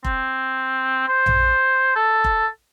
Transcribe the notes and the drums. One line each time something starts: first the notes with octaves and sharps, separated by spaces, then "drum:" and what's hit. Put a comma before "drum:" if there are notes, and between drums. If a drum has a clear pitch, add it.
C4, drum: kick F1
C5
drum: tom A#1
A4
drum: kick F1